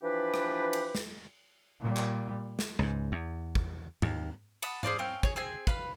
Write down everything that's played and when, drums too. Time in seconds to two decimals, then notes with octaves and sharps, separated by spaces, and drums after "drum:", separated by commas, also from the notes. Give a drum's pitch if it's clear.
0.02 E3 F3 D4 G4 B4
0.34 drum: rim click
0.73 drum: cymbal
0.95 drum: snare
1.80 A#2 G3
1.97 drum: clap
2.59 drum: snare
2.79 C#2 G#2
3.12 E2
3.55 drum: kick
4.02 D#2, drum: tom G#2
4.62 F#5 A5 B5 D#6, drum: cymbal
4.83 G#4 C5 D5 F5, drum: tom G#2
4.99 C4 C#4 F5 G5
5.23 G#4 C#5, drum: kick
5.36 C4 G#4 G#5
5.67 B4 F5 B5, drum: kick